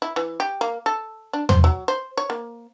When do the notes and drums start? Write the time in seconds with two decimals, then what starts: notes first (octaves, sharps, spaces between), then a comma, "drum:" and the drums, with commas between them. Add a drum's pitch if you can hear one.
0.02 E4
0.16 E3
0.40 G4
0.61 A#3
0.86 A4
1.33 D4
1.49 C5, drum: tom
1.64 F#3
1.88 C5
2.17 C#5
2.30 A#3